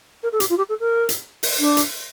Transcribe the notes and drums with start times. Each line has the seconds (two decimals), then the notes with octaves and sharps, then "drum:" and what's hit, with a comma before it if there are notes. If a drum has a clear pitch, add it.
0.23 A#4
0.32 A4
0.40 G4, drum: hi-hat
0.50 F4
0.58 G4
0.69 A4
0.80 A#4
1.09 drum: hi-hat
1.43 drum: open hi-hat
1.59 D4
1.77 drum: hi-hat